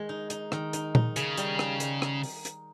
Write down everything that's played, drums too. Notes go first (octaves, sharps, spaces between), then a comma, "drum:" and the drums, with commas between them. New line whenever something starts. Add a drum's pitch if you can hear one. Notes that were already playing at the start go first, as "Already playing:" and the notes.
Already playing: D#3 G#3
D#4
D#4, drum: hi-hat
D#3, drum: rim click
D#4, drum: hi-hat
D#4, drum: tom A#2
C#3 G#4, drum: hi-hat
G3, drum: hi-hat
D#4, drum: rim click
G3, drum: hi-hat
drum: rim click
drum: open hi-hat
drum: hi-hat